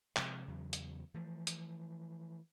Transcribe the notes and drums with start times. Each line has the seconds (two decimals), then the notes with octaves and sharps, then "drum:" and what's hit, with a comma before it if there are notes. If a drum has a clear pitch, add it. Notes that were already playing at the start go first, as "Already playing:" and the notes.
0.16 C3 F3 G#3, drum: clap
0.48 E2 C#3 F#3
0.73 drum: hi-hat
1.14 E3 F3 A3
1.47 drum: hi-hat